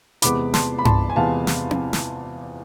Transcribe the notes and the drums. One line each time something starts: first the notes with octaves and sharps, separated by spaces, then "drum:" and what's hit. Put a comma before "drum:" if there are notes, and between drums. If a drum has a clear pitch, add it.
E2 C3 G#3 B3 B5 D6, drum: hi-hat
A5 C6, drum: snare
B5
A5 C6, drum: tom G2
G#5
E2 C3 G#3 B3 F5 A5
drum: snare
drum: tom C4
drum: snare